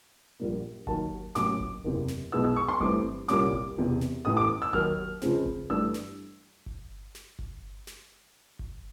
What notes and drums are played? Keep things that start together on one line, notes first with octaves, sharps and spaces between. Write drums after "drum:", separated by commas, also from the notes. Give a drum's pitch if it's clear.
A#1 A#2 G3 A#3
D#2 D#3 F#3 A#3 D#4 A5, drum: kick G1
A1 A2 F#3 A#3 C#4 D6, drum: snare
drum: kick G1
F#1 E2 C3
drum: snare
B1 B2 G#3 B3 E4 E6
E6
C#6
C6
G2 E3 A3 C4 E4 D6, drum: kick G1
C2 A#2 G3 A#3 C#4 D6, drum: snare
drum: kick G1
E1 E2 C3 E3
drum: snare
A1 A2 E3 A3 D#6
D6
E6
D#2 D#3 F#3 F6, drum: kick G1
C#2 C#3 F3 G#3 C4, drum: snare
drum: kick G1
G2 E3 A3 D4 E6
drum: snare
drum: kick G1
drum: snare
drum: kick G1
drum: snare
drum: kick G1